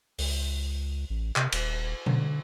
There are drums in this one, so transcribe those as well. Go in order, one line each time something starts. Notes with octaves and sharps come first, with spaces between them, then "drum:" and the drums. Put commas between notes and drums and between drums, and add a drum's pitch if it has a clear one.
C#2, drum: open hi-hat
A1
C3, drum: clap
D#1, drum: cymbal
D3, drum: tom B2